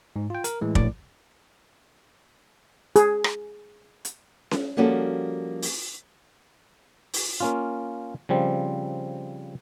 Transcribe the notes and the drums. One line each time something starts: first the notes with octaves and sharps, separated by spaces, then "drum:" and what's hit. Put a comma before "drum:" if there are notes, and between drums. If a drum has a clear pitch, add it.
G#2
F4 G5
A#4, drum: hi-hat
A2 E3 G#3
A#1 A2 D5 D6, drum: kick
G#4, drum: hi-hat
drum: rim click
drum: hi-hat
drum: snare C#4
F3 G3 A#3 C#4 F#4 A4
drum: open hi-hat
drum: open hi-hat
A#3 C#4 F4
C#3 F3 G3 C4